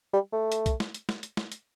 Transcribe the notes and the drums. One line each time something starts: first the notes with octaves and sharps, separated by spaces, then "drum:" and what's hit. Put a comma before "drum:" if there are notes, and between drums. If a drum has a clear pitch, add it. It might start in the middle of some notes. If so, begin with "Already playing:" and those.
G3
A3
drum: hi-hat
drum: kick B1, hi-hat
drum: snare
drum: hi-hat
drum: snare
drum: hi-hat
drum: snare
drum: hi-hat